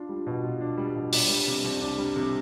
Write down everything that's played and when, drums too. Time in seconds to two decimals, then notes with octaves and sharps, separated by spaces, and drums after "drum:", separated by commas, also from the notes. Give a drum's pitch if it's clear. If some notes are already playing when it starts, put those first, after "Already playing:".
Already playing: D4 F4
0.09 G3
0.27 B2
0.44 F4
0.61 D4
0.78 G3
0.96 B2
1.13 D4, drum: open hi-hat
1.29 G3
1.47 C3
1.64 C2
1.81 D4
1.98 G3
2.16 C3